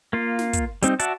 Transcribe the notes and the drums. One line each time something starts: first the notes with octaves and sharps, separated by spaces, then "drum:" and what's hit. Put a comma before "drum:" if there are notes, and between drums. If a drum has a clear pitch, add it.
A#3 F4
drum: snare
drum: kick, hi-hat
G3 C4 D#4, drum: hi-hat
F#4 D5 E5 F#5 A5, drum: hi-hat